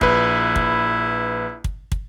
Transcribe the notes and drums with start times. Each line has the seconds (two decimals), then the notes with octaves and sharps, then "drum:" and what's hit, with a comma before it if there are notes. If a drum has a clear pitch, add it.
0.01 A#1 E4 B4, drum: kick
0.56 drum: kick
1.64 drum: kick
1.92 drum: kick